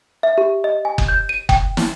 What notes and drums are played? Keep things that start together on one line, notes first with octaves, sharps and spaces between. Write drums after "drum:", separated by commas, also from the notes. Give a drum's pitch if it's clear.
E5
G4
D#5
G#5
drum: kick F#1
G6
D#7
G5, drum: kick F#1
drum: snare